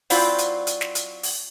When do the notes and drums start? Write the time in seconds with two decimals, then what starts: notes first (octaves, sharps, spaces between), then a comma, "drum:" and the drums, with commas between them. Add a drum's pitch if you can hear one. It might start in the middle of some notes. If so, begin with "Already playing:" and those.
0.10 F#3 C4 E4 F4 C5 D5, drum: open hi-hat
0.38 drum: hi-hat
0.67 drum: hi-hat
0.81 drum: snare
0.95 drum: hi-hat
1.23 drum: open hi-hat